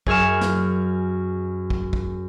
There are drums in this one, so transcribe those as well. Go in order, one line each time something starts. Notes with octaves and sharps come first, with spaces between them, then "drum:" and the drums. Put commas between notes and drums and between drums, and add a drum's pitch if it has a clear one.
F#2 G#4 C#6 F6 E7, drum: kick
drum: snare
drum: kick
drum: kick